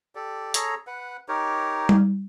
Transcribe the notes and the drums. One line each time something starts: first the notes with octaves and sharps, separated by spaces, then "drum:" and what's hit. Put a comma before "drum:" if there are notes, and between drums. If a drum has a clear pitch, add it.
G4 A4 D5
G#4 A4 C#5 A#5, drum: hi-hat
B4 F#5
D#4 G4 A#4 C#5
drum: tom G3